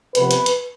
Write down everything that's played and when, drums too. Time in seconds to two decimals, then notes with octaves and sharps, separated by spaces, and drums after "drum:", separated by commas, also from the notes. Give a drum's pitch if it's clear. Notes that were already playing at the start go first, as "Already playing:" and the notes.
0.15 C3 F3 B3 B4, drum: hi-hat
0.31 drum: hi-hat
0.46 drum: hi-hat